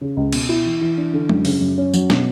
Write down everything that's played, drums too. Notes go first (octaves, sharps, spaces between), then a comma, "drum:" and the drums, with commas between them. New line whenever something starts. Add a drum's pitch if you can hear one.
C#3
C#2
B2, drum: cymbal
E4
E3
E3
D4
D3
F#2, drum: tom G#3
C#3, drum: open hi-hat
F#2
C#4
F#3, drum: tambourine
B2, drum: snare